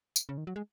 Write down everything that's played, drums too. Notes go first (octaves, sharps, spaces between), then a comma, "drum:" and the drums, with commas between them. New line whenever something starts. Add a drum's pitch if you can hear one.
drum: tambourine
C#3
D#3
F#3
G#3